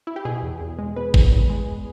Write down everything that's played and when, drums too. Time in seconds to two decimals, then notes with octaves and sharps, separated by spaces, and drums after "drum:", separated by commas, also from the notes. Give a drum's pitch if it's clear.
0.07 E4
0.16 G4
0.25 B2 G#4
0.43 E2
0.61 E2
0.79 G#3
0.96 B2 B4
1.14 E2, drum: kick
1.32 E2
1.50 G#3